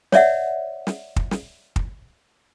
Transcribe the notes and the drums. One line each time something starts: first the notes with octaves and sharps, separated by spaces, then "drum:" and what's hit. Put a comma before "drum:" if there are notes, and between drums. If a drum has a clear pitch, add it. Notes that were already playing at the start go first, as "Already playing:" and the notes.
C#5 D5 E5 F#5, drum: snare
drum: snare
drum: kick
drum: snare
drum: kick